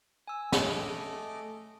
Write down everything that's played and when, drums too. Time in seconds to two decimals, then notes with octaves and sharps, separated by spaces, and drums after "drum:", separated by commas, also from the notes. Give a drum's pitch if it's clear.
0.28 G#5 E6
0.52 A3 D#5 D6, drum: snare